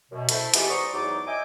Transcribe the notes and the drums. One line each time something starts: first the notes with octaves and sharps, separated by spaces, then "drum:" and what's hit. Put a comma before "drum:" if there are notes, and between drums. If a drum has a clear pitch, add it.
F#2 B2
A3 E4 A4 C5 E5, drum: hi-hat
E3 G#3 B3 F4 G4 A4, drum: hi-hat
C5 D5 D#5 A#5 C#6
E2 F#3 D#4 D5 D6
D#5 E5 G5 G#5 D6